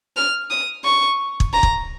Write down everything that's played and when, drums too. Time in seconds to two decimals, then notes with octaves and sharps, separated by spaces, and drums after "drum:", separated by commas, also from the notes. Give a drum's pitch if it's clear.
0.17 F6
0.50 D#6
0.84 C#6
1.40 drum: kick
1.53 A#5
1.63 drum: kick